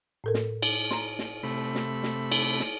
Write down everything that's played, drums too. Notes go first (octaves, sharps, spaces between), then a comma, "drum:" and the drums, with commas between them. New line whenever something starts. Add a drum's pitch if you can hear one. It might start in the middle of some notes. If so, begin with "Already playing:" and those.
A2 A4 A#4
drum: snare
drum: cymbal
A#5 C6, drum: snare
drum: snare
C3 A3 B5
drum: snare
drum: snare
drum: cymbal
drum: snare